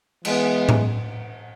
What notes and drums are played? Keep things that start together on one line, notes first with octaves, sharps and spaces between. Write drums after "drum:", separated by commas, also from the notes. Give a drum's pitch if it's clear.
E3 G#3 B3, drum: cymbal
drum: tom A2